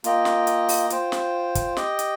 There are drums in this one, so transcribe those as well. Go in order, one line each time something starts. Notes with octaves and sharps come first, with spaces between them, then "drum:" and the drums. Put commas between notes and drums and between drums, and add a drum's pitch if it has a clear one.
A#3 F4 D#5 G5, drum: hi-hat
drum: snare
drum: hi-hat
drum: open hi-hat
F4 C5 G5, drum: hi-hat
drum: snare
drum: kick, hi-hat
G4 D#5 G5, drum: snare
drum: hi-hat